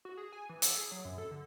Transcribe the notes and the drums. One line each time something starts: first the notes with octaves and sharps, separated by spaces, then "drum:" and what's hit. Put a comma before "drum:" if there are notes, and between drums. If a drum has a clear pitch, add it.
F#4
G#4
G#5
E3
A4, drum: hi-hat
G#4
F#3
F#2
A4
D3